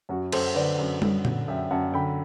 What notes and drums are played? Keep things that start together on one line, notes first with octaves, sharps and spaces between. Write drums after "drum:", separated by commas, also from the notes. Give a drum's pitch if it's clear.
F#2 F#4
F#2 A4 C5, drum: cymbal
D3 B4 D5
F#2
F#2, drum: tom
D3, drum: tom A#2
F#2 E5 G5
F#2 F#5 A5
D3 G5 B5